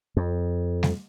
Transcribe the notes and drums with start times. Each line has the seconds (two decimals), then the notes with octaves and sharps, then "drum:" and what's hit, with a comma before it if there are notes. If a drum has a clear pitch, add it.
0.17 F2
0.83 drum: snare G3